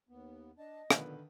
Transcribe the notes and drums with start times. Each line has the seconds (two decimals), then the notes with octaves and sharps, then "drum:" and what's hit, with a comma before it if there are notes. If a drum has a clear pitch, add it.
0.09 D#2 B3
0.58 D4 D#5 A5
0.90 A#2 D3 D#3 B3 B4, drum: rim click